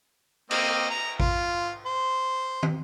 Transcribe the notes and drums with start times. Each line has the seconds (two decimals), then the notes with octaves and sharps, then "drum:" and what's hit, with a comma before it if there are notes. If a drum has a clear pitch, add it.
0.51 A#3 C4 D#5, drum: cymbal
0.90 A#5
1.20 F4, drum: kick A1
1.86 C5
2.63 drum: tom